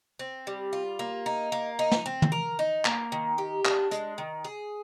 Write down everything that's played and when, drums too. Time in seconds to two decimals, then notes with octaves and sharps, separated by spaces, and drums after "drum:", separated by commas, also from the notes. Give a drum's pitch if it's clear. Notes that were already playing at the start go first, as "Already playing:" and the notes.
0.19 C4
0.47 G3
0.73 F4
0.99 A#3
1.26 D#4
1.52 A#3
1.79 D#4
1.91 drum: snare
2.06 C4
2.22 drum: tom
2.32 A#4
2.59 D#4
2.85 A#3, drum: clap
3.12 D#3
3.38 G4
3.65 D4, drum: clap
3.91 G#3, drum: hi-hat
4.18 D#3
4.45 G#4